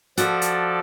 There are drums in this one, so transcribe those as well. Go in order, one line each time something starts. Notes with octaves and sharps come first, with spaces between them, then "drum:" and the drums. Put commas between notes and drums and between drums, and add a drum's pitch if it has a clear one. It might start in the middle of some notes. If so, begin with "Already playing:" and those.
F3 F#4 A4 D5 E5, drum: hi-hat
drum: hi-hat